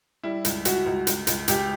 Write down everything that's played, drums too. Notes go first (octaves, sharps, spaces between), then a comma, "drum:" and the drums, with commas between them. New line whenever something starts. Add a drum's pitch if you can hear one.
G3 E4
C#2, drum: hi-hat
C#2 F#4, drum: hi-hat
C#2
C#2, drum: hi-hat
C#2, drum: hi-hat
C#2 G4, drum: hi-hat